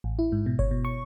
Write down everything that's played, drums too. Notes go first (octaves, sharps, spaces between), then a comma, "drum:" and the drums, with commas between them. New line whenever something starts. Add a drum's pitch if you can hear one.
A1
E4
G#2
B2
C#5, drum: kick G1
B2
C#6